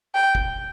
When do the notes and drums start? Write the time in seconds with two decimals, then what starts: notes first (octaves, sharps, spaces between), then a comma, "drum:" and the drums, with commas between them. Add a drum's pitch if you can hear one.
0.15 G5
0.35 drum: kick